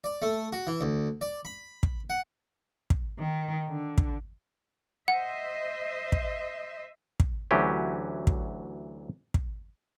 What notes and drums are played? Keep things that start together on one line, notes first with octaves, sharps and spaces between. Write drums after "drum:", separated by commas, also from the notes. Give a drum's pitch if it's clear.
D5
A3
F#4
E3
D2
D5
B5
drum: kick
F#5
drum: kick
D#3
D3
drum: kick
C5 D#5 E5 F#5
drum: kick
drum: kick
D2 E3 F#3 C#4 G4
drum: kick
drum: kick